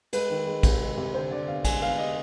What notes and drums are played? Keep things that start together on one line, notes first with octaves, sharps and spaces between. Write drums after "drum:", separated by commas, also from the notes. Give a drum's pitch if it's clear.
G#3 B4, drum: cymbal
D#3
G#3
C3, drum: kick, cymbal
G#3
C3
D3 C5
D3 D5
B3 F5
G#3 G#5, drum: kick, cymbal
B3 F5
B3 D#5